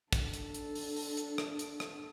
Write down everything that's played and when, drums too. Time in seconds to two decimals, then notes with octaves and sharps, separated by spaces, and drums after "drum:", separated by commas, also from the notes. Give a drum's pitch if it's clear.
0.13 D4 A4, drum: kick, hi-hat
0.33 drum: hi-hat
0.54 drum: hi-hat
0.75 drum: open hi-hat
0.96 drum: open hi-hat
1.17 drum: hi-hat
1.38 drum: rim click
1.59 drum: hi-hat
1.80 drum: rim click